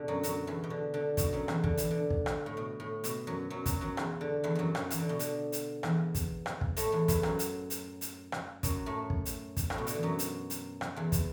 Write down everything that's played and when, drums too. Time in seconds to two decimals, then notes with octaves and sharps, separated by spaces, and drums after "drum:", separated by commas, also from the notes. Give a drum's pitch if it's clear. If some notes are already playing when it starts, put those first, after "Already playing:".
Already playing: B2 D3
0.08 F#2 F#3
0.23 F#2 F#3, drum: hi-hat
0.47 E2 E3
0.64 B2
0.70 D3
0.94 D3
1.17 B2, drum: kick, hi-hat
1.33 F#2 F#3
1.48 E2 E3, drum: rim click
1.64 D3, drum: kick
1.78 E3, drum: hi-hat
1.91 D3
2.10 drum: kick
2.26 drum: rim click
2.46 A2
2.57 B2
2.80 A2
3.04 B2, drum: hi-hat
3.27 F#2 F#3
3.50 F#2 F#3
3.66 F#2 F#3, drum: kick, hi-hat
3.81 F#2 F#3
3.97 E2 E3, drum: rim click
4.21 D3
4.44 E2 E3
4.55 F#2 E3 F#3
4.75 F#2 F#3, drum: rim click
4.91 E3, drum: hi-hat
5.00 D3
5.09 B2
5.19 D3, drum: hi-hat
5.52 drum: hi-hat
5.83 E2 E3, drum: rim click
6.15 drum: kick, hi-hat
6.46 drum: rim click
6.61 drum: kick
6.77 A2 A3, drum: hi-hat
6.92 E2 E3
7.08 E2 E3, drum: kick, hi-hat
7.23 F#2 F#3, drum: rim click
7.39 drum: hi-hat
7.70 drum: hi-hat
8.01 drum: hi-hat
8.32 drum: rim click
8.63 F#2 F#3, drum: kick, hi-hat
8.86 A2 A3
9.10 drum: kick
9.25 drum: hi-hat
9.57 drum: kick, hi-hat
9.70 A2, drum: rim click
9.78 B2
9.87 D3, drum: hi-hat
9.95 E3
10.03 F#2 F#3
10.19 drum: hi-hat
10.50 drum: hi-hat
10.81 drum: rim click
10.96 E2 E3
11.12 drum: kick, hi-hat